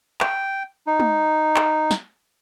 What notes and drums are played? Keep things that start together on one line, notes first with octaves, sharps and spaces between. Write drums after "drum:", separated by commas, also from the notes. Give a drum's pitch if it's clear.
G5, drum: clap
D#4
drum: tom G#3
drum: clap
drum: snare